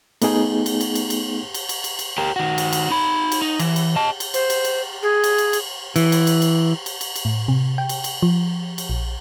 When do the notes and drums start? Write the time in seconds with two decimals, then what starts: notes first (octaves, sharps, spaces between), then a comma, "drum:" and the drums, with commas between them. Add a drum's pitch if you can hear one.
0.22 A3 B3 D#4 G#4, drum: cymbal
0.66 drum: cymbal
0.81 drum: cymbal
0.95 drum: cymbal
1.10 drum: cymbal
1.54 drum: cymbal
1.69 drum: cymbal
1.84 drum: cymbal
1.99 drum: cymbal
2.18 G4 A#4
2.36 D#3 F#4
2.58 drum: cymbal
2.73 drum: cymbal
2.91 D#4 B5
3.32 drum: cymbal
3.42 D#4
3.59 E3, drum: cymbal
3.76 drum: cymbal
3.96 D#5 A5
4.20 drum: cymbal
4.34 C5, drum: cymbal
4.50 drum: cymbal
4.65 drum: cymbal
5.03 G#4
5.24 drum: cymbal
5.38 drum: cymbal
5.53 drum: cymbal
5.96 E3, drum: cymbal
6.12 drum: cymbal
6.27 drum: cymbal
6.42 drum: cymbal
6.86 drum: cymbal
7.01 drum: cymbal
7.16 drum: cymbal
7.25 A2
7.48 C3
7.78 G5
7.89 drum: cymbal
8.04 drum: cymbal
8.23 F3
8.78 drum: cymbal
8.89 A#1